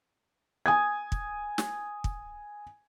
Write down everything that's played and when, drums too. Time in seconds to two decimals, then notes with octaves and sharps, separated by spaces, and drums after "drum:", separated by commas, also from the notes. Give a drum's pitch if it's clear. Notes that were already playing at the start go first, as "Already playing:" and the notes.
0.66 G#5 D#6 G#6
1.12 drum: kick
1.58 drum: snare
2.04 drum: kick